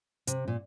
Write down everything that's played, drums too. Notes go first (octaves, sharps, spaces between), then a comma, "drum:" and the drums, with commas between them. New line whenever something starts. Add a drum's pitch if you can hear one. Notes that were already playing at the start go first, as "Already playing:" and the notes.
C3, drum: hi-hat
A#2